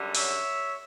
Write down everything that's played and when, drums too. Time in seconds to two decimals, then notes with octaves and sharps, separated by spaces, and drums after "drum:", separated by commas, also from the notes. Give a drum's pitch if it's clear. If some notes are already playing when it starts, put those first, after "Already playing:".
Already playing: F#2 D3 G3
0.15 C#5 E5, drum: open hi-hat